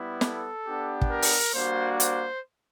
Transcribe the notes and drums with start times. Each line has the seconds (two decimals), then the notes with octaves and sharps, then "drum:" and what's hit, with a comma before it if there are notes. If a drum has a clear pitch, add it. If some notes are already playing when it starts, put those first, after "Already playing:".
Already playing: G3 B3 E4
0.21 A4, drum: snare
0.65 B3 D4 G4
1.01 drum: kick
1.11 A#4
1.22 drum: open hi-hat
1.55 G3 A#3 D4 F#4 C5
2.00 C5, drum: hi-hat